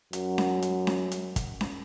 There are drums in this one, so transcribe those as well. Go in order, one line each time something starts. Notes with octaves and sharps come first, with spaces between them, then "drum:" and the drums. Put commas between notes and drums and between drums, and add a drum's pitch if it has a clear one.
F#2, drum: hi-hat
drum: snare C#4
drum: hi-hat
drum: snare C#4
drum: hi-hat
drum: kick, hi-hat
drum: snare C#4